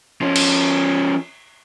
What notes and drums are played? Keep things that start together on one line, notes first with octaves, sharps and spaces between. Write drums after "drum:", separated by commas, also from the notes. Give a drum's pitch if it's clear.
F3 C#4
drum: cymbal